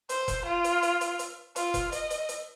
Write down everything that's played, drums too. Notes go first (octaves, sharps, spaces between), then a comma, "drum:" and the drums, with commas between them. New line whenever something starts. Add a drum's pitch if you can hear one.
C5, drum: hi-hat
drum: kick F1, hi-hat
F4
drum: hi-hat
drum: hi-hat
drum: hi-hat
drum: hi-hat
F4, drum: hi-hat
drum: kick F1, hi-hat
D#5, drum: hi-hat
drum: hi-hat
drum: hi-hat